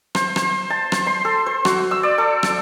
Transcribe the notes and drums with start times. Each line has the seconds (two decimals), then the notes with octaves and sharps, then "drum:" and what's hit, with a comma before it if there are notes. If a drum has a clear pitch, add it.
0.15 C5, drum: rim click
0.36 C5, drum: rim click
0.70 A5
0.92 C5, drum: rim click
1.07 C6
1.25 A4
1.46 C5
1.65 F#4, drum: rim click
1.91 E6
2.03 D5
2.18 A4
2.43 drum: rim click